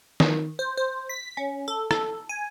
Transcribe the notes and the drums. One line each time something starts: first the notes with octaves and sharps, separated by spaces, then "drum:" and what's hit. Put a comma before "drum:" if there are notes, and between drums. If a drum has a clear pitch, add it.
D#3, drum: snare
C5
C5
B6
C#4
A4
A4, drum: rim click
G#5